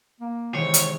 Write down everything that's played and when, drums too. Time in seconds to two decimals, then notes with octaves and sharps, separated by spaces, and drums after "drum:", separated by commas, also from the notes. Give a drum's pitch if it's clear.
0.20 A#3
0.55 C3 D#3 E3 G#3 D#4 C5 C#5
0.74 drum: hi-hat